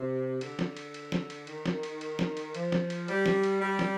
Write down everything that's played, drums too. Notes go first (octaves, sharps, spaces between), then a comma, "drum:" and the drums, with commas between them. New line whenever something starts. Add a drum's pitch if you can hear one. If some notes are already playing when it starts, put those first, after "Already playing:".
Already playing: C3
D3, drum: cymbal
drum: snare
drum: cymbal
drum: cymbal
drum: snare
drum: cymbal
D#3, drum: cymbal
drum: snare
drum: cymbal
drum: cymbal
drum: snare
drum: cymbal
F3, drum: cymbal
drum: snare
drum: cymbal
G3, drum: cymbal
drum: snare
drum: cymbal
G3
drum: snare